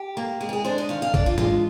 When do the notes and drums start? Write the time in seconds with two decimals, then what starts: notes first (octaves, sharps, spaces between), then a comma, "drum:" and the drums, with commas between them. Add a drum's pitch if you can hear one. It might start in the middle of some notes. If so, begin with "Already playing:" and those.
Already playing: G4
0.17 A#3
0.41 G#3 G#4
0.49 A#4
0.53 G#4
0.65 D4 C5
0.78 D#5
0.89 D#3 F5
1.02 F5
1.14 D4 D5, drum: kick G#1
1.26 F4
1.38 G#3 F4, drum: tom G#2